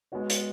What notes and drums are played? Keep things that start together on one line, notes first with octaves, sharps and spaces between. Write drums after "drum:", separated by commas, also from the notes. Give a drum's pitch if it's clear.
G#3 B3 F#4 C#5
drum: hi-hat